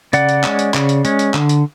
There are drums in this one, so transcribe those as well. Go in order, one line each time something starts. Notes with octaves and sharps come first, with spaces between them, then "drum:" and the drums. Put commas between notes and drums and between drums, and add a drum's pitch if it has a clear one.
C#3 D5 F#5, drum: hi-hat
drum: hi-hat
G#3 C#4, drum: clap
drum: hi-hat
C#3, drum: clap
drum: hi-hat
G#3 C#4, drum: hi-hat
drum: hi-hat
D3, drum: clap
drum: hi-hat